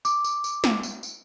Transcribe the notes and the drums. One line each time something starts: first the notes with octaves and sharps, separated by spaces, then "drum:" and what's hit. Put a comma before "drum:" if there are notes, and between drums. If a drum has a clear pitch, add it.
D6, drum: tambourine
drum: tambourine
drum: tambourine
drum: snare
drum: tambourine
drum: tambourine